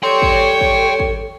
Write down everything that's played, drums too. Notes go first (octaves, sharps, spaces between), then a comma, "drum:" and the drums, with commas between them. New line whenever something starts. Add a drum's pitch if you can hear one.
G3 A4 C#5 G5 C6
drum: kick
drum: kick
drum: kick